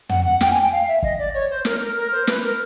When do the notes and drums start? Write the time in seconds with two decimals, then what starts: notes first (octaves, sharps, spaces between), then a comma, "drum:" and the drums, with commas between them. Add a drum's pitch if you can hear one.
0.09 F#5, drum: tom
0.25 F#5
0.41 G5, drum: snare
0.51 G#5
0.61 G5
0.72 F5
0.87 E5
1.03 D#5, drum: kick
1.18 D5
1.34 C#5
1.50 C5
1.65 A#4, drum: snare
1.80 A#4
1.96 A#4
2.12 C5
2.27 B4, drum: snare
2.43 A#4